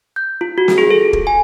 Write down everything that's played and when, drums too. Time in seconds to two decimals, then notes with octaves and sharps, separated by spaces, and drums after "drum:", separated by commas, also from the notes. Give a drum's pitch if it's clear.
0.16 G6
0.41 F4
0.58 F#4
0.68 drum: snare
0.78 G#4
0.90 A4
1.13 drum: kick
1.27 G#5